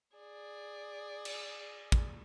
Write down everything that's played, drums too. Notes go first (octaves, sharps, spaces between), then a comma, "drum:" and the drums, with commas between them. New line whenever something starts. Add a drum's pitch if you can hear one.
G#4 D5
drum: cymbal
drum: kick